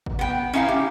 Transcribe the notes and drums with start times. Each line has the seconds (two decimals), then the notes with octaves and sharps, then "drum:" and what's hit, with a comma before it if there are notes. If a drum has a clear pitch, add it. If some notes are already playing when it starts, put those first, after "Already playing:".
0.06 drum: kick
0.19 B3 G5
0.53 C#4 D#4 E4 E5 F5
0.68 G4